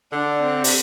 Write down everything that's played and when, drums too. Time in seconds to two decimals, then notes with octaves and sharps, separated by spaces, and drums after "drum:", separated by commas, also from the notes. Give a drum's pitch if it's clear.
0.12 D3 D4
0.42 C4
0.64 C3, drum: open hi-hat